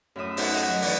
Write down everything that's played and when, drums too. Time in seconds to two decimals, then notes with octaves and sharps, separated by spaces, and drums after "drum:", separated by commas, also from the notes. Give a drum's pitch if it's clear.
0.16 F#2 A2 E5 D#6
0.37 D#4 F#4 A4 C5 E5 F#5, drum: open hi-hat
0.55 A4 D#5 E5 F#5
0.68 F#3
0.82 E3 D5 D#5 D#6, drum: open hi-hat